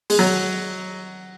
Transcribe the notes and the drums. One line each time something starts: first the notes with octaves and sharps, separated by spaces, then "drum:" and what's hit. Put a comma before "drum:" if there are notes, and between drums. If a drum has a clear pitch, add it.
G#3, drum: open hi-hat
F#3